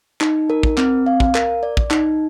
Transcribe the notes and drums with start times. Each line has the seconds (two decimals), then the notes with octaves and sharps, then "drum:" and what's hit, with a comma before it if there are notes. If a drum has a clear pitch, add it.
0.21 D#4, drum: clap
0.50 A#4
0.63 drum: kick
0.78 C4, drum: clap
1.06 F5
1.20 drum: kick
1.35 A#4, drum: clap
1.63 D5
1.77 drum: kick
1.91 D#4, drum: clap